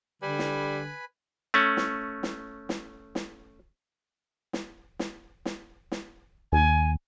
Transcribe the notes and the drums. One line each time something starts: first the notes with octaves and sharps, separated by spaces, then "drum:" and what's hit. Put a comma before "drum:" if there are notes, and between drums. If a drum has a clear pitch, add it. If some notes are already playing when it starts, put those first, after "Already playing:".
D3 G3 B4 G#5 B5
drum: snare
A3 C#4
drum: snare
drum: snare
drum: snare
drum: snare
drum: snare
drum: snare
drum: snare
drum: snare
D#2 G#5